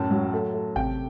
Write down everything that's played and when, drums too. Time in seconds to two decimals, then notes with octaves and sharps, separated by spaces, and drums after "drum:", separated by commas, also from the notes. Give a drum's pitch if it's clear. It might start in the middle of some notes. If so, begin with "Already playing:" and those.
Already playing: F#2 A2 A5
0.11 F#3
0.33 A3
0.54 A3
0.76 C3 G5, drum: kick G#1